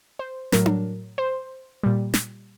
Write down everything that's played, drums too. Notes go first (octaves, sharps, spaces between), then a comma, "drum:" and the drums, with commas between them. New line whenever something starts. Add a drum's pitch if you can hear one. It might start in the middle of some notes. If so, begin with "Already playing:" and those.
C5
A2 F#3 A#4, drum: snare
drum: tom D4
C5
A#2 G3
drum: snare